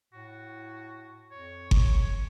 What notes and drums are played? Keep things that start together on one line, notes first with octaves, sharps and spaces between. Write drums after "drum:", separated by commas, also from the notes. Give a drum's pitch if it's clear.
A2 F#4
F2 C#5
drum: kick G1